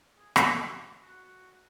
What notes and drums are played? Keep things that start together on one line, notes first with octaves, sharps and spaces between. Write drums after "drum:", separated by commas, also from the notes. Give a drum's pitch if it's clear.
G#4
drum: rim click
F#4
F#4